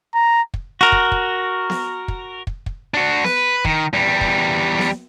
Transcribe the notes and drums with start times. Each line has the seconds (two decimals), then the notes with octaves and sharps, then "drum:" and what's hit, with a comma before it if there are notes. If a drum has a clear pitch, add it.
0.14 A#5
0.54 drum: kick
0.81 F#4 A#4
0.92 drum: kick
1.12 drum: kick
1.70 drum: snare B3
2.08 drum: kick
2.47 drum: kick
2.66 drum: kick
2.94 D4 F#4
3.24 B4, drum: snare B3
3.65 D#3, drum: kick
3.93 E2 G3
4.21 drum: kick
4.79 drum: snare B3